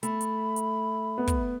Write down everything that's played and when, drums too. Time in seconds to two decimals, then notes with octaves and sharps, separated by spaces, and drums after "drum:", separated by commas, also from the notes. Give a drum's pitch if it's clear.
0.03 A3 B5, drum: hi-hat
0.21 drum: hi-hat
0.56 drum: hi-hat
1.18 B3
1.27 drum: kick, hi-hat